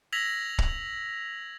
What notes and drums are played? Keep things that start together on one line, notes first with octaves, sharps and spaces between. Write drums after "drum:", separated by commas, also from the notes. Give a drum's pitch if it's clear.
E6 G#6 A#6 B6 F7 F#7
drum: kick